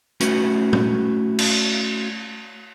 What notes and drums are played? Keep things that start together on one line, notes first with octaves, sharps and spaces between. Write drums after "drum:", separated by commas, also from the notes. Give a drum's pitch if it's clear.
A3 C#4 E4 F#4 B4, drum: hi-hat
drum: tom
drum: cymbal